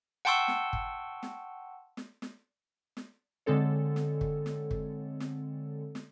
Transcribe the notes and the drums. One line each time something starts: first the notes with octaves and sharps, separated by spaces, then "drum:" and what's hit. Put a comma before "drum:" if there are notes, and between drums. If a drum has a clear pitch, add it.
F#5 G5 A5 C6 C#6 E6
drum: snare
drum: kick G1
drum: snare
drum: snare
drum: snare
drum: snare
D3 G#3 C4 A4 C#5
drum: snare
drum: kick G1
drum: snare
drum: kick G1
drum: snare
drum: snare